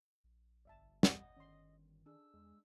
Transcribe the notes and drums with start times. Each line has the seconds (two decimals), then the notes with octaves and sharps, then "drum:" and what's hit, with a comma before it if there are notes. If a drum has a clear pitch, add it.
0.24 A#1
0.65 G1 D5 E5 A5
1.03 D#5, drum: snare
1.37 D#3 C#4 D5 C6
2.06 D4 G#4 E6
2.34 E2 G#3